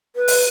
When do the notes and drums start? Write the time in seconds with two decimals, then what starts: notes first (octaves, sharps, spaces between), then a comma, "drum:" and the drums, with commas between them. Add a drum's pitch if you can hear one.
0.16 B4
0.28 drum: open hi-hat